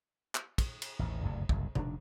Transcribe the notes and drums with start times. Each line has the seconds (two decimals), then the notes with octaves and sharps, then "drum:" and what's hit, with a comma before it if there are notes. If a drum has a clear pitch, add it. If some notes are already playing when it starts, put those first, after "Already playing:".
0.35 drum: clap
0.58 drum: kick, cymbal
0.82 drum: cymbal
0.99 A1 D#2 A2
1.23 F#1 D2 G2 C3
1.49 F#1 C2 G2, drum: kick
1.75 F1 D#3 D4, drum: tom